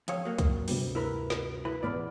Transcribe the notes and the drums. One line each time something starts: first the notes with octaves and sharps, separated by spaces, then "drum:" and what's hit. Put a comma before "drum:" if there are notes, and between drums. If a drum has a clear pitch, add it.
F2 C#5 F5 G5 D#6, drum: hi-hat
F#3 A#3
drum: kick, hi-hat
G1 D2 C3 G3, drum: open hi-hat
E4 A#4 B4
drum: snare
E4 B4
A1 E2 B2 D5 B5 F6